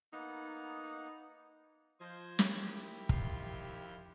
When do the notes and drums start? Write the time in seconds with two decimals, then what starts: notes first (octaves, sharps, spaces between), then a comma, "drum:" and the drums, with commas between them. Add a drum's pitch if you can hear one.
0.13 A#3 B3 D#4 F#5
2.00 F3 C5 D#5 G#6
2.39 D#3 E4 G4, drum: snare
3.09 F2 F3 C6, drum: kick